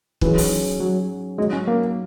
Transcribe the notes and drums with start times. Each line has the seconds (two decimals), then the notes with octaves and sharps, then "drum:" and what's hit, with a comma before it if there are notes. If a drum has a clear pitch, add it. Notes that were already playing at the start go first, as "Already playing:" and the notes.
0.21 G#2 E3 F#3 C#4 G#4, drum: kick
0.38 drum: open hi-hat
0.80 F#3
1.38 G#2 D#3 F#3 G#3
1.53 C#4
1.68 A#3